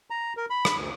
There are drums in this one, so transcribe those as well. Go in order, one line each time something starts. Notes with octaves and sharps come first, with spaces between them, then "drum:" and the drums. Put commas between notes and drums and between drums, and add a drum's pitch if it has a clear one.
A#5
A#4
B5
drum: rim click
D2